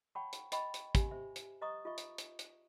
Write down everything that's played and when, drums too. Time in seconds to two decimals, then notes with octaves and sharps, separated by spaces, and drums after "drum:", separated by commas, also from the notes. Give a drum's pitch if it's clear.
0.15 C#5 F#5 G5 A5 B5 C#6
0.33 drum: hi-hat
0.52 D#5 G5 B5 C#6, drum: hi-hat
0.74 drum: hi-hat
0.95 G4 G#5, drum: kick, hi-hat
1.11 C5 E5
1.36 drum: hi-hat
1.61 C5 D#5 A#5 C#6 D#6
1.85 F4 D#5 E5 C#6
1.98 drum: hi-hat
2.18 drum: hi-hat
2.39 drum: hi-hat